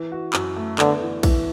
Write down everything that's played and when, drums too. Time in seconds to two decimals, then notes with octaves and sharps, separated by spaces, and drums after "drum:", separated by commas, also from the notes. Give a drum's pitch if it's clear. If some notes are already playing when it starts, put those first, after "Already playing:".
Already playing: E3
0.12 F#4
0.33 F#2, drum: clap
0.56 A3
0.79 D3 B3, drum: clap
1.01 E3
1.23 E3, drum: kick A#1, cymbal